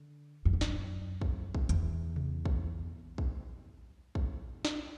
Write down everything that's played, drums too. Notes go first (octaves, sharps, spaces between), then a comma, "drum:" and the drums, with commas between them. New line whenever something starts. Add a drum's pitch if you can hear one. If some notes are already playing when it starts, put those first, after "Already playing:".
Already playing: D3
F#2
E2
F#2, drum: snare
drum: kick
drum: kick
E2, drum: hi-hat
drum: tom C3
drum: kick
drum: kick
drum: kick
drum: snare